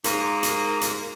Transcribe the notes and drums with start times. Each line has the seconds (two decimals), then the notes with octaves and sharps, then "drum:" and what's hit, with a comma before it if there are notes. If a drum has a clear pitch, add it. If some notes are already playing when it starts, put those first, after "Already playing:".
0.04 G#2 A#3, drum: hi-hat
0.43 drum: hi-hat
0.81 drum: hi-hat